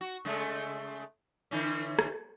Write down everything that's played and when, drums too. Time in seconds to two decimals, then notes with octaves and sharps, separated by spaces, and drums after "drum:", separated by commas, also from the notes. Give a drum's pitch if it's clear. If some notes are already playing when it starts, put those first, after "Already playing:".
0.01 F#4
0.25 C#3 G#3 A3
1.51 D3 E3 C#4
1.99 drum: rim click